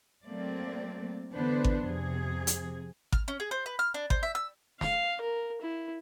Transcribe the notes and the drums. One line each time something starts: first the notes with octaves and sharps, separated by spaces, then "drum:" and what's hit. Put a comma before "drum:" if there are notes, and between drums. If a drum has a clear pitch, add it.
F#3 A3 A#3 C4 D5
D3 E3 B3 D4 B4 C5
drum: kick G#1
F2 C3 G#4
drum: hi-hat
F6, drum: kick G#1
C#4
G#4
C5
B4
F6
D4
C5, drum: kick G#1
E5
E6
F5, drum: snare
A#4
E4